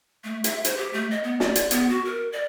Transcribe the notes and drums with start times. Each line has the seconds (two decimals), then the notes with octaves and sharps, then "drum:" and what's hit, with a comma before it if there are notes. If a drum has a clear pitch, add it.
0.24 A3
0.44 E5, drum: hi-hat
0.65 C5, drum: hi-hat
0.77 G4
0.93 A3
1.11 D#5
1.24 B3
1.40 D5, drum: snare
1.56 drum: hi-hat
1.71 B3, drum: hi-hat
1.90 F#4
2.05 A#4
2.32 D5